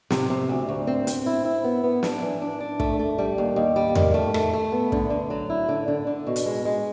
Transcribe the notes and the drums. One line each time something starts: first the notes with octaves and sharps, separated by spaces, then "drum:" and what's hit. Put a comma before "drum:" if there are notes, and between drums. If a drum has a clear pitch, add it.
C3, drum: snare
C3
D2
D2
C4
C4, drum: hi-hat
E4
E4
B3
B3
D4, drum: snare
E3
D4
D4
A3, drum: kick
A3
G3
D#2
D#2
G3
D#3, drum: tom E2
A3
A3, drum: rim click
A3
B3
D3, drum: kick
D3
F#3
E4
D3
D3
D3
B2
drum: hi-hat
G#3
G#3